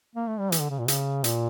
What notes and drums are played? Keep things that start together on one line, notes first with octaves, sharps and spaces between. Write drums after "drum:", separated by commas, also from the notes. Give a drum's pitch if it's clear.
A#3
A3
G3
E3, drum: hi-hat
D3
C#3
A#2
C#3, drum: hi-hat
A#2, drum: hi-hat